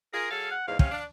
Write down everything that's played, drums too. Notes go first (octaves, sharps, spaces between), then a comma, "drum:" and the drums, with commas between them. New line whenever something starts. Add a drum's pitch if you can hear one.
F4 G#4 A#4
F#3 G#4 A4 F5
F#5
E2 G#2 F5
C3 C#4 F5, drum: kick
D4